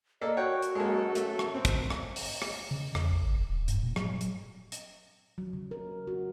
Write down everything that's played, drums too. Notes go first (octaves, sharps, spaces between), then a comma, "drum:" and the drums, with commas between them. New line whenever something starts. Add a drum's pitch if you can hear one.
A#3 A4 D5 D#5
F#4 C#5 F#5 G5
drum: hi-hat
F#2 G#3 A#3 A4
A3, drum: hi-hat
drum: rim click
C4 A#4
drum: kick, hi-hat
drum: rim click
drum: open hi-hat
drum: rim click
C#3
F2, drum: rim click
A#1
G#1
F1
D#1
G2, drum: hi-hat
A#2
F#3, drum: rim click
drum: hi-hat
drum: hi-hat
F#3
C#3
A#4
F#4